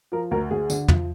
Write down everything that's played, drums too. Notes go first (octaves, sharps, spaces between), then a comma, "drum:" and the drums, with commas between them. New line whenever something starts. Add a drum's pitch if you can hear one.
F3 A#4
D2 A#4
D2 G#4
D3, drum: tambourine
F3, drum: tom